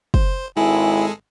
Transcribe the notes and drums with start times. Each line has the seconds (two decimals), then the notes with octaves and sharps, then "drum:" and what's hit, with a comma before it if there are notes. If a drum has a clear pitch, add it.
0.14 C5, drum: kick
0.57 G#1 G#3 E4 G#4 A4 G#5